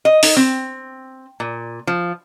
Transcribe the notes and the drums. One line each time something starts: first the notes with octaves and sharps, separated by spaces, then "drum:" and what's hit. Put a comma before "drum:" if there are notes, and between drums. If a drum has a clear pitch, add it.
D#5
D#4, drum: open hi-hat
C4
A#2
F3